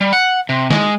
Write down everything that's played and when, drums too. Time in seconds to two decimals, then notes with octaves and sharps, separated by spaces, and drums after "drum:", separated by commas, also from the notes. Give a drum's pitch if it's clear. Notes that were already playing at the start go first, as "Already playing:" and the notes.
0.01 G3
0.13 F#5
0.49 C3
0.70 G#3, drum: snare